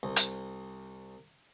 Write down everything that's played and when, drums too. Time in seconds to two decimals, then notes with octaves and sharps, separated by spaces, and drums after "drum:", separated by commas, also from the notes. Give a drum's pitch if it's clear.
0.03 C2
0.16 drum: hi-hat